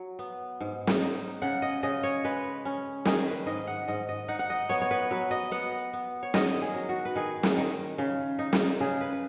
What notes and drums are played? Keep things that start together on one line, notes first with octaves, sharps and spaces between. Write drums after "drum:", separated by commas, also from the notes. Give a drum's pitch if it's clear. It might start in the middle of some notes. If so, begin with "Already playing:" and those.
Already playing: F#3
B3
G#2
drum: snare
D#4
C#3 F#5
D#5
C#3 D#5
C#5
G#3 B4
C#4
D#3 G#4, drum: snare
B4
G#2 D#5
F#5
G#2 D#5
D#5
D#4 F#5
F#5
D#5
B3 C#5
C#5
B4
F#3 B4
D#5
B3 F#5
B3
C#5
D#3 D#5, drum: snare
G#4
F#3
F#4
B4
D#3 G#4
drum: snare
D#3
C#3
D#4
drum: snare
C#3 G#4
B4
B4